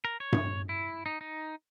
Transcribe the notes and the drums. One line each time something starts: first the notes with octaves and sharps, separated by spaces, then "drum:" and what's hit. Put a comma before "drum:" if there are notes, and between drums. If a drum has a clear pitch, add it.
A#4
C#5
drum: tom G2
E4
D#4
D#4